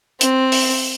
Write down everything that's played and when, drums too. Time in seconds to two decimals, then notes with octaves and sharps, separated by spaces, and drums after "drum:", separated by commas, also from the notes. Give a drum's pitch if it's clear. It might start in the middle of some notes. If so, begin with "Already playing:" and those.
0.21 C4, drum: hi-hat
0.52 drum: open hi-hat